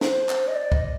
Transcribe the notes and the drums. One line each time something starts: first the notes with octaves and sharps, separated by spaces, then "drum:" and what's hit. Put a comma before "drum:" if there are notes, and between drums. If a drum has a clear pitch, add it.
C5, drum: snare
drum: clap
D#5
D5
D#5, drum: kick